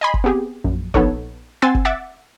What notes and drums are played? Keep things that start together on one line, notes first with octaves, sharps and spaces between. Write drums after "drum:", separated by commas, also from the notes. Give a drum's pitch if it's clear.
D#5 G#5 B5 C6
drum: kick F#1
B3 C4 G4 G#4
A#1 F#2
A#1 B3 D#4 A4 C#5, drum: kick F#1
C4 F#5 G#5 C6 E6 A6
drum: kick F#1
E5 F#5 D6 A6